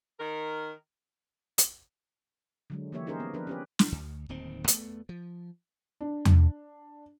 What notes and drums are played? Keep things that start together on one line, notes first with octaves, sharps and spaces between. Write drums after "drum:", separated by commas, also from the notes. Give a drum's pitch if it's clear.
D#3 A#4
drum: hi-hat
D3 F#3 G#3
E3 F3 A#3 G4 C#5 E5
C#4 D#4 G4 G#4 A#4 C5
B3
F3 D4 A#4 B4
C#4 G4 B4
drum: snare
D2
D1 D#2 D#3 C4
E2 A3 B3, drum: hi-hat
F3
D4
drum: tom E2